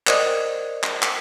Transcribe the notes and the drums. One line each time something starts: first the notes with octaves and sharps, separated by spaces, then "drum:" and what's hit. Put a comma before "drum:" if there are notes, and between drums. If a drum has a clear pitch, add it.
A#4 C5 D5 D#5 D#6 G#6, drum: clap
drum: clap
drum: clap